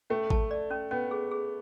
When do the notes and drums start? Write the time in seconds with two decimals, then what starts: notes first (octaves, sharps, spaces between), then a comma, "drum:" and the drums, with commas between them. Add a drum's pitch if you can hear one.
0.10 A3 C#4
0.30 A5, drum: kick G#1
0.51 D5
0.71 C#4
0.91 B3 C#4
1.11 G#4
1.31 G#4